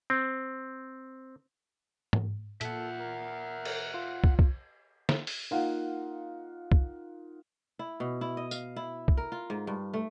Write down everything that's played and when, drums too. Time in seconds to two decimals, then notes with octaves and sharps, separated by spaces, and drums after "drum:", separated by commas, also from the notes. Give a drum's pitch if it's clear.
0.10 C4
2.13 drum: tom G#2
2.61 A#2 A4 E5 F#5, drum: hi-hat
3.00 A#4
3.65 drum: cymbal
3.94 F4
4.24 drum: kick
4.39 drum: kick
5.09 drum: snare
5.27 drum: open hi-hat
5.51 A#3 D#4 F4 F5 F#5
6.72 drum: kick
7.79 E4
8.00 B2
8.21 E4
8.37 D#5
8.51 F5, drum: tambourine
8.76 E4
9.08 drum: kick
9.17 A#4
9.32 F4
9.50 G#2
9.67 G2
9.94 A3